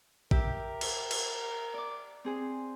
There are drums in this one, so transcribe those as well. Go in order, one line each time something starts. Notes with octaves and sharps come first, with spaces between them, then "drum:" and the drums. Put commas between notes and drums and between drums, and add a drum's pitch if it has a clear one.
G4 A#4 E5, drum: kick
drum: cymbal
drum: cymbal
D5 D6
C4 G#4 C5